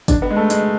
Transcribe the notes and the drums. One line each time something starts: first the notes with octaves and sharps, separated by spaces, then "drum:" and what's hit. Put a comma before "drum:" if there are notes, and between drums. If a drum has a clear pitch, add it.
D4, drum: kick, hi-hat
B3
G#3
A3
G#3, drum: hi-hat